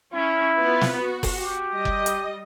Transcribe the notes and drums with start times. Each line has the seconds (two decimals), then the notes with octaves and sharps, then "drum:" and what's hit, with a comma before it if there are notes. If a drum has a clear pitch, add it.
0.13 C#4 E4
0.57 B3 F4 B4
0.81 drum: snare
1.02 F#4
1.23 drum: kick F#1, open hi-hat
1.37 G4
1.72 G3 D#5
1.85 drum: kick F#1
2.06 drum: hi-hat